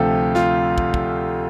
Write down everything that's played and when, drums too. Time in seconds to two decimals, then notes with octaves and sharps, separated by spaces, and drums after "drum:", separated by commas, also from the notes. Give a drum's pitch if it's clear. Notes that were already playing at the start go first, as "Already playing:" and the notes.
Already playing: D2 C3 F3 A3 G4 A4
0.35 F4, drum: snare
0.78 drum: kick
0.94 drum: kick